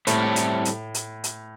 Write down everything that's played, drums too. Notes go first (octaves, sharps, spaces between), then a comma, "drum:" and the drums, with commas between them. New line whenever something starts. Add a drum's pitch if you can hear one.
A2 G3 C4 E4 A4 C#5, drum: hi-hat
drum: hi-hat
drum: hi-hat
drum: hi-hat
drum: hi-hat